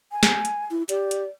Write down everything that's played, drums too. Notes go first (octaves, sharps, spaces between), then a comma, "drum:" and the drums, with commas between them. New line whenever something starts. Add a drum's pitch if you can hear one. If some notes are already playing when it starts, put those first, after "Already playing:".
G#5
drum: snare
drum: hi-hat
E4
G4 D5, drum: hi-hat
drum: hi-hat